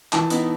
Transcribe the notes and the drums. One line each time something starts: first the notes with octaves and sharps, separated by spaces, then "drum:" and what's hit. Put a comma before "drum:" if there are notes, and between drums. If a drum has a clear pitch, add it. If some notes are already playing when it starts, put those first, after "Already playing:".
E3 A5, drum: clap
B3 D#4, drum: hi-hat